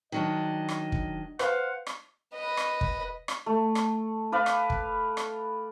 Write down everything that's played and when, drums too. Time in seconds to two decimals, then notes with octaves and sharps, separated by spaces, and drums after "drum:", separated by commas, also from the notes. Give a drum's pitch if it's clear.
0.12 D#3 F#3 D4 D#5
0.69 drum: rim click
0.92 drum: kick
1.39 B4 C5 F5 F#5, drum: rim click
1.87 drum: rim click
2.35 B4 D#5
2.57 drum: rim click
2.81 drum: kick
3.28 drum: rim click
3.46 A3
3.75 drum: rim click
4.32 B4 D5 F5
4.46 drum: rim click
4.70 drum: kick
5.17 drum: rim click